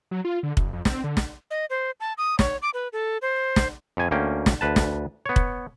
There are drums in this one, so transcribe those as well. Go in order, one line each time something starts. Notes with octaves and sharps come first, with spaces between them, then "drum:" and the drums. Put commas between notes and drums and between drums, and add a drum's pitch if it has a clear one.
F#3
F4
D3
F#1, drum: kick
F2
C4, drum: snare
D3
drum: snare
D#5
C5
A5
D#6
C#5, drum: snare
D6
B4
A4
C5
drum: snare
F2 G#5
D2 A#3 C#4 G5
drum: snare
D2 B4 A5
drum: snare
B3 C#5
drum: kick